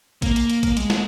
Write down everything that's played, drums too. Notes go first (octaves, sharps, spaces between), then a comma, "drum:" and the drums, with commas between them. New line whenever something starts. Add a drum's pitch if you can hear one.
A#3, drum: kick, hi-hat
drum: hi-hat
drum: hi-hat
drum: kick, hi-hat
G#3, drum: hi-hat
drum: snare